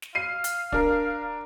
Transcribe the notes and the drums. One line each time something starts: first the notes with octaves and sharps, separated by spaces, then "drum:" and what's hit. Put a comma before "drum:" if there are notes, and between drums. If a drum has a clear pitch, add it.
drum: snare
F5 C7 D#7
drum: hi-hat
D4 A#4, drum: kick